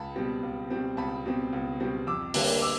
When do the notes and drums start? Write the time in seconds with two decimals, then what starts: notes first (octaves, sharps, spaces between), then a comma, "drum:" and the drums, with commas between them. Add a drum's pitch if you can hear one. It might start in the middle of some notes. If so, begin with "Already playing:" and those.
Already playing: C#2 A5 B5
0.16 B2 G3 C4
0.43 C#2
0.70 B2 G3 C4
0.97 C#2 A5 B5
1.26 B2 G3 C4
1.53 C#2
1.80 B2 G3 C4
2.07 F2 D6 E6
2.34 D3 G3 A#3, drum: open hi-hat
2.62 D6 E6